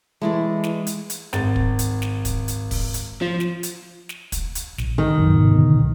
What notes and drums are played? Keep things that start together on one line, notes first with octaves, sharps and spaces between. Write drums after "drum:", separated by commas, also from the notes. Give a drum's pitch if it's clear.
E3 G#3 A3 E4 D5
drum: snare
drum: hi-hat
drum: hi-hat
G#1 A6, drum: snare
drum: kick
drum: hi-hat
drum: snare
drum: kick, hi-hat
drum: hi-hat
drum: kick, open hi-hat
drum: hi-hat
F3
drum: snare
drum: hi-hat
drum: snare
drum: kick, hi-hat
drum: hi-hat
A#1, drum: snare
D#3
A#1 F#2
G#2 C3 B3
B2 D3
C#2 A#2